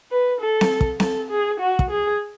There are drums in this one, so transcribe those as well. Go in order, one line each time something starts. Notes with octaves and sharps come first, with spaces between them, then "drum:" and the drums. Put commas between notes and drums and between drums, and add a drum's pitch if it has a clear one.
B4
A4
drum: snare C4
drum: kick
A4, drum: snare C4
G#4
F#4
drum: kick
G#4